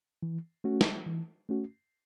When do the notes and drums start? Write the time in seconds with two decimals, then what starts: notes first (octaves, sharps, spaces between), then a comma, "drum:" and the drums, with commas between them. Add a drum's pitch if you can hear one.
0.23 E3
0.64 A3 C#4 F#4
0.81 drum: snare
1.07 E3
1.49 A3 C#4 F#4